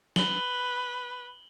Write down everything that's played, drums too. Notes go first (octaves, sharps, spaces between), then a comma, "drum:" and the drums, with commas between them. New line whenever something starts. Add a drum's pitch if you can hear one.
B4 F#7 G7, drum: snare